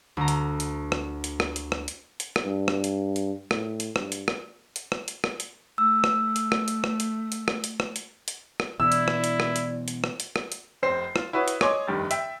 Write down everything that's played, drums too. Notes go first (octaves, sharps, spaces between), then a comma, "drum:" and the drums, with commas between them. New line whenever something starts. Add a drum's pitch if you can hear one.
D2 A#5
drum: hi-hat
drum: hi-hat
drum: rim click
drum: hi-hat
drum: rim click
drum: hi-hat
drum: rim click
drum: hi-hat
drum: hi-hat
drum: rim click
G2
drum: rim click
drum: hi-hat
drum: hi-hat
A2, drum: rim click
drum: hi-hat
G2, drum: rim click
drum: hi-hat
drum: rim click
drum: hi-hat
drum: rim click
drum: hi-hat
drum: rim click
drum: hi-hat
A3 E6
drum: rim click
drum: hi-hat
drum: rim click
drum: hi-hat
drum: rim click
drum: hi-hat
drum: hi-hat
drum: rim click
drum: hi-hat
drum: rim click
drum: hi-hat
drum: hi-hat
drum: rim click
B2 E3 E4 D5 E6
drum: hi-hat
drum: rim click
drum: hi-hat
drum: rim click
drum: hi-hat
drum: hi-hat
drum: rim click
drum: hi-hat
drum: rim click
drum: hi-hat
F1 C4 C5 C7
F4, drum: rim click
E4 F#4 B4 C#5 D#6
drum: hi-hat
C#5 D#5 G#5 C6 D6 D#6, drum: rim click
F1 G2 D#3 G4 A6
E5 G5, drum: hi-hat